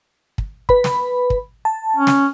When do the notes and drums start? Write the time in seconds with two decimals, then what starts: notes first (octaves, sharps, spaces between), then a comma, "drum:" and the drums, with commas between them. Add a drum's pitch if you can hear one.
0.38 drum: kick
0.69 B4 B5, drum: kick
0.84 drum: snare
1.30 drum: kick
1.65 A5
1.96 C#4
2.07 drum: snare